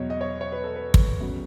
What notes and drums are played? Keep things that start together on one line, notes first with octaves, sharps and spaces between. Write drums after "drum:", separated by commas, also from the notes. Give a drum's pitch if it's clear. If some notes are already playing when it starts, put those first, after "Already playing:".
Already playing: E2 B2 F#3 C#5 D#5
D#5
C#5
C#5
B4
A4
B4
drum: kick
E2 C#3 F#3